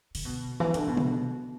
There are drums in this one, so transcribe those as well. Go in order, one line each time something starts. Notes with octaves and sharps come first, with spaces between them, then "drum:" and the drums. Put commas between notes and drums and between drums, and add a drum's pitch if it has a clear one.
D3, drum: open hi-hat
B2
E3
D3, drum: hi-hat
B2
drum: tom